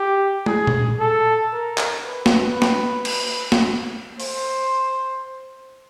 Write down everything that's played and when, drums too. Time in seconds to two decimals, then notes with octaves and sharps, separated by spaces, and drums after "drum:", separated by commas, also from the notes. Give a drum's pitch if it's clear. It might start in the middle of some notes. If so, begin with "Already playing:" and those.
Already playing: G4
0.46 G#4, drum: tom
0.67 drum: tom A#2
1.00 A4
1.53 A#4
1.78 drum: clap
2.06 B4
2.26 drum: snare
2.62 drum: snare
3.05 drum: cymbal
3.52 drum: snare
4.20 C5, drum: open hi-hat